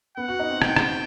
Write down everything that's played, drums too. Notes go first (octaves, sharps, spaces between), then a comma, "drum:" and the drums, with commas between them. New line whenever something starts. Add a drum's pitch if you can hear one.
B3 F#5
F#4
D#4
C4
G5, drum: rim click
drum: rim click